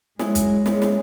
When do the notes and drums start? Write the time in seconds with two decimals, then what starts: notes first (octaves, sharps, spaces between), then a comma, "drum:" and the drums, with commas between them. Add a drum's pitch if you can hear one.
0.19 F#3 G#3 C#4 E4 G#4, drum: snare
0.35 drum: kick, hi-hat
0.66 F#3 G#3 C#4 E4 G#4, drum: snare
0.82 drum: snare